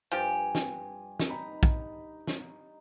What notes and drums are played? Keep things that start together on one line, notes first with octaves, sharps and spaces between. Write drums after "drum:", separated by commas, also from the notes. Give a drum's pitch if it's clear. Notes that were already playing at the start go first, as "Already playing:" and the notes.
G2 F3 G4 G#5
drum: snare
drum: snare
D#4 A#5 B5
drum: kick
drum: snare